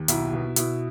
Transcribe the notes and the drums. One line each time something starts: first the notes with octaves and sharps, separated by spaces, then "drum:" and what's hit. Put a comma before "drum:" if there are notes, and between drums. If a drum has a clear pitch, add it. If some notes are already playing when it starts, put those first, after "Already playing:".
Already playing: D#2
B1 E4, drum: hi-hat
B2
B2 E4, drum: hi-hat